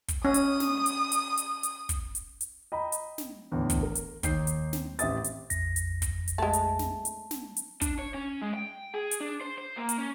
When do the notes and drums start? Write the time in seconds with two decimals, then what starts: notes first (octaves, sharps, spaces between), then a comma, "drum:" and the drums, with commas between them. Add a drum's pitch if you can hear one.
0.08 drum: kick, hi-hat
0.25 C#4 D#6
0.34 drum: hi-hat
0.60 drum: snare
0.86 drum: hi-hat
1.12 drum: hi-hat
1.37 drum: hi-hat
1.63 drum: hi-hat
1.89 drum: kick, hi-hat
2.15 drum: hi-hat
2.41 drum: hi-hat
2.72 D#5 G5 A#5 B5
2.92 drum: hi-hat
3.18 drum: snare
3.52 E2 A2 D3
3.70 drum: kick, hi-hat
3.83 A#4
3.95 drum: hi-hat
4.23 D#2 D#4 G6 C7, drum: kick, hi-hat
4.47 drum: hi-hat
4.73 C4, drum: snare
4.99 A1 C4 G4 E5 D#6 A6, drum: hi-hat
5.24 drum: hi-hat
5.50 A#1 F2 A#6, drum: hi-hat
5.76 drum: hi-hat
6.02 drum: kick, hi-hat
6.28 drum: hi-hat
6.38 G#3 A3 A5
6.53 drum: hi-hat
6.79 drum: snare
7.05 drum: hi-hat
7.31 drum: snare
7.57 drum: hi-hat
7.81 D4, drum: kick, hi-hat
7.99 C#5
8.14 C#4
8.41 G#3
8.53 G5
8.94 G#4
9.11 drum: hi-hat
9.20 D4
9.41 C5
9.58 C5
9.77 A#3
9.89 drum: hi-hat
9.98 C#4